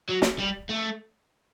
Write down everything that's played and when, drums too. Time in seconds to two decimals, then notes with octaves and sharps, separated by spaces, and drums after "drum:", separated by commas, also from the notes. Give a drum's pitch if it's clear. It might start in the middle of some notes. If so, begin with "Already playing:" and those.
0.09 F#3
0.22 drum: snare
0.40 G3
0.70 A3